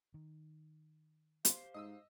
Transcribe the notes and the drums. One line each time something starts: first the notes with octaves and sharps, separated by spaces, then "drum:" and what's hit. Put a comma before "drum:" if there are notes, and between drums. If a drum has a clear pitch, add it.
D#3
G4 C5 F5 C6, drum: hi-hat
G#2 D#5 D#6 E6